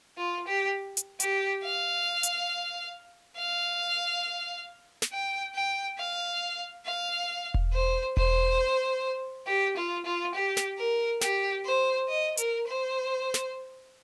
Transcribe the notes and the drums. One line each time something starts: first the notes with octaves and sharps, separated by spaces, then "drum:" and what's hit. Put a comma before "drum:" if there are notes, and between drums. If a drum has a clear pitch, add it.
F4
G4
drum: hi-hat
G4, drum: hi-hat
F5
drum: hi-hat
F5
drum: snare
G5
G5
F5
F5
drum: kick E1
C5
C5, drum: kick E1
G4
F4
F4
G4
drum: snare
A#4
G4, drum: snare
C5
D#5
A#4, drum: hi-hat
C5
drum: snare